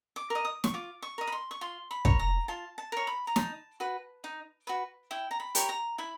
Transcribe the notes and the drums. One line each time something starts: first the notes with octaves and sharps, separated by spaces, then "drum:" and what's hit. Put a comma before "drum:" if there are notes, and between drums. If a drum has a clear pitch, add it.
D6
A#4 D#5
D#6
C#6, drum: snare
F4 D6
C#6
A#4 D#5
B5
C6
C#6
F4 C6
B5
A#4 C#5, drum: kick
A#5
F4 A5
A5
A#4 C#5
B5
A#5
D#4 A5, drum: snare
F#4 B4
D#4
F#4 B4
E4 G5
A#5
B5
G4 A#4 C#5, drum: hi-hat
A#5
E4 B5